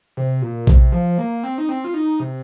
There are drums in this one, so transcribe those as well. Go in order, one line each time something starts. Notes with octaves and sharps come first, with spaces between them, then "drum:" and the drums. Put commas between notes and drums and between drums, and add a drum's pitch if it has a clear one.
C3
A#2
C3, drum: kick A#1
F3
A#3
C4
D#4
C4
F4
D#4
C3